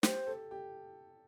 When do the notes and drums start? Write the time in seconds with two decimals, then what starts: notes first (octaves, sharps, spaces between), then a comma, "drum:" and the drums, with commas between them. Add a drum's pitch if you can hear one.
0.03 G4 C5, drum: snare
0.27 A4
0.51 G4